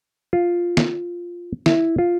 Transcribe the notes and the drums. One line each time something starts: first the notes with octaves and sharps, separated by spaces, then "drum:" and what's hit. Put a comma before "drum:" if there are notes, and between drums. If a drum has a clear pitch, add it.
F4
drum: snare
E4, drum: snare
F4